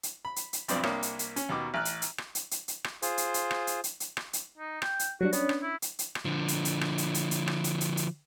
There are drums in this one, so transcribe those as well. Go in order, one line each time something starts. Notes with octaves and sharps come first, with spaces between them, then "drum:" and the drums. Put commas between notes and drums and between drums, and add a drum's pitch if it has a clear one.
drum: hi-hat
B5
drum: hi-hat
drum: hi-hat
B1 G2 F3 C4 D5 D#6, drum: hi-hat
C2 A#3 D4 C#5 D#6, drum: rim click
drum: hi-hat
drum: hi-hat
C#4, drum: hi-hat
D#2 B2 D#3 D6
A1 F6 F#6
drum: hi-hat
drum: hi-hat
drum: rim click
drum: hi-hat
drum: hi-hat
drum: hi-hat
drum: rim click
F4 G#4 C5, drum: hi-hat
drum: hi-hat
drum: hi-hat
drum: rim click
drum: hi-hat
drum: hi-hat
drum: hi-hat
drum: rim click
drum: hi-hat
D#4
G5, drum: rim click
drum: hi-hat
F#3 G3 D4 F#4
B3 C#4 D4 C#5, drum: hi-hat
drum: rim click
E4
drum: hi-hat
drum: hi-hat
drum: rim click
D3 F3
drum: hi-hat
drum: hi-hat
drum: rim click
drum: hi-hat
drum: hi-hat
drum: hi-hat
drum: rim click
drum: hi-hat
drum: hi-hat
drum: hi-hat